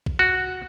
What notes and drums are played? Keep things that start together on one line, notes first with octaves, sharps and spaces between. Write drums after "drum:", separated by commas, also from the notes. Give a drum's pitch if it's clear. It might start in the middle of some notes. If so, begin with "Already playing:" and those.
drum: kick
F#4